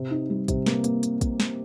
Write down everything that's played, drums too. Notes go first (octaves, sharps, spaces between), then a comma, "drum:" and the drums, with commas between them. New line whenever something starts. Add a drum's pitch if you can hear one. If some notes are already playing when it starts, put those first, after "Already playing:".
Already playing: C3
D#4
G3
C3, drum: kick, hi-hat
A#3, drum: snare
A#3, drum: hi-hat
drum: hi-hat
drum: kick, hi-hat
drum: snare